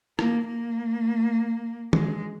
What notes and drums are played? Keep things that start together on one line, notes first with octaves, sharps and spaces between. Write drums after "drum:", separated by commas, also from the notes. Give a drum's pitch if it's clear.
A#3, drum: rim click
A#3
G#3, drum: tom